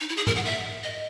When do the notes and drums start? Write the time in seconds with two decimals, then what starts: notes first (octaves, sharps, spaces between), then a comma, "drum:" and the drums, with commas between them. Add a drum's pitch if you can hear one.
0.01 D#4
0.09 E4
0.17 G#4
0.27 A#4, drum: tom G#2
0.36 F#5
0.45 E5
0.83 D#5